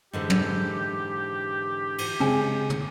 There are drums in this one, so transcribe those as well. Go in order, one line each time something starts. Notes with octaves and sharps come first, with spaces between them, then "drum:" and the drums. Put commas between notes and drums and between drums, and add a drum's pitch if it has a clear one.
G#2 D3 E3 G4
drum: tom
drum: cymbal
C#3 G#3 C4 G#5
drum: tom